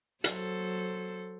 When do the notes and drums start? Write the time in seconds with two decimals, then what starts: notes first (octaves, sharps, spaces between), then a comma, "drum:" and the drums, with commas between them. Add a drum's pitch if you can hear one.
0.24 F#3 A4 C5, drum: hi-hat